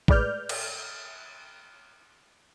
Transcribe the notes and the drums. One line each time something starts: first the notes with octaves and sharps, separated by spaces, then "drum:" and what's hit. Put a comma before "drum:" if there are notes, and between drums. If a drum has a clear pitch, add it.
A2 G#3 B4 D5 F6 G6, drum: kick A1
drum: cymbal